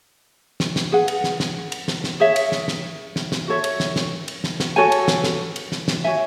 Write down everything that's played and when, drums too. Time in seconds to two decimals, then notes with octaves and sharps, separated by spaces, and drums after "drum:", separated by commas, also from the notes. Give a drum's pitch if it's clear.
0.60 drum: snare
0.76 drum: snare
0.92 G#4 B4 F#5
1.08 drum: cymbal
1.24 drum: snare
1.40 drum: snare
1.72 drum: cymbal
1.88 drum: snare
2.04 drum: snare
2.20 G#4 C#5 E5
2.36 drum: cymbal
2.52 drum: snare
2.68 drum: snare
3.16 drum: snare
3.32 drum: snare
3.48 F#4 A4 C#5 E5
3.64 drum: cymbal
3.80 drum: snare
3.96 drum: snare
4.28 drum: cymbal
4.44 drum: snare
4.60 drum: snare
4.76 F#4 A4 C#5 G#5
4.92 drum: cymbal
5.08 drum: snare
5.24 drum: snare
5.56 drum: cymbal
5.72 drum: snare
5.88 drum: snare
6.04 F#4 C#5 E5 G#5